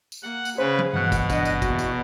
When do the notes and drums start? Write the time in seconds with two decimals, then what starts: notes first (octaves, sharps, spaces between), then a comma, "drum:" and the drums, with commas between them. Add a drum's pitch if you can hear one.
0.12 drum: tambourine
0.23 A#3 F#5
0.45 drum: tambourine
0.58 C#3 G#4 B4 C5
0.79 drum: tom F3
0.93 G2 B2 E3 F#5 F#6
1.12 drum: kick, tambourine
1.30 D4 D#5, drum: kick, tambourine
1.45 drum: tambourine
1.62 E2 A#3 F#4, drum: kick, tambourine
1.79 drum: tambourine